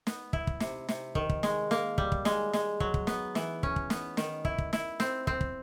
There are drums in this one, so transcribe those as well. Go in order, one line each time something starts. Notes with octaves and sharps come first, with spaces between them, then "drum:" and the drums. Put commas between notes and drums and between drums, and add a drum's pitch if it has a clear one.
B3, drum: snare
E4, drum: kick
drum: kick
C3, drum: snare
C3, drum: snare
D#3, drum: kick
drum: kick
G#3, drum: snare
A#3, drum: snare
G3, drum: kick
drum: kick
G#3, drum: snare
G#3, drum: snare
F#3, drum: kick
drum: kick
B3, drum: snare
E3, drum: snare
C#4, drum: kick
drum: kick
B3, drum: snare
D#3, drum: snare
E4, drum: kick
drum: kick
E4, drum: snare
C4, drum: snare
C4, drum: kick
drum: kick